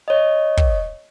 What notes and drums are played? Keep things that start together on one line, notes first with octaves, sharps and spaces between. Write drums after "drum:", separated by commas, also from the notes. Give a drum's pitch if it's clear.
C#5 D#5
drum: kick